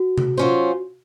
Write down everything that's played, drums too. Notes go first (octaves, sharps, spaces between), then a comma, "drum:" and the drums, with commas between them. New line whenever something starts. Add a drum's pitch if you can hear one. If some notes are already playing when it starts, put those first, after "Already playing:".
Already playing: F#4
drum: tom C3
F#3 C#4 F4 C5